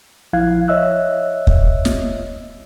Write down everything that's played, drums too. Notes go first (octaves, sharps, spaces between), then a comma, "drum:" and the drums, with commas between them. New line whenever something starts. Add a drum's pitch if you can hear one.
A#1 F3 E4 F5 F#6 G#6
C#5 D#5 E5 E6 F#6
drum: kick
drum: snare